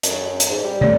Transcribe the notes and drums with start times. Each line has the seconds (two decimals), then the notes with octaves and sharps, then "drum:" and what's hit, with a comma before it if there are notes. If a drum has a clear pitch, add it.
0.03 F#2, drum: hi-hat
0.40 drum: hi-hat
0.49 G#2
0.64 G3
0.81 C3 A3 C#5 D5